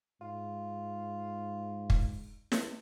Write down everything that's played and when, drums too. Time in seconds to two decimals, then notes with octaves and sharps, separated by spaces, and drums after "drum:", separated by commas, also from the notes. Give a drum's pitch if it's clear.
0.21 G#2 F4
1.90 drum: kick
2.52 drum: snare